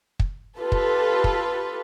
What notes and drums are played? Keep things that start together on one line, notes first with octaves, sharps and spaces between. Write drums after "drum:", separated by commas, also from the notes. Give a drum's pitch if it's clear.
drum: kick
F4 G4 A4 B4
drum: kick
drum: kick